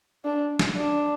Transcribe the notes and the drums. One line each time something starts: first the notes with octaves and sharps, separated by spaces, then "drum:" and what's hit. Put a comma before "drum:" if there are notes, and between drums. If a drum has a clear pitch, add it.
D4
drum: snare
D4